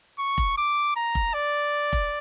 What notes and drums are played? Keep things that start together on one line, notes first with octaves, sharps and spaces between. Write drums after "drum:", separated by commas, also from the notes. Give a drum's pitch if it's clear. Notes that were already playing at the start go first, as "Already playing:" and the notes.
C#6
drum: kick F1
D6
A#5
drum: kick F1
D5
drum: kick F1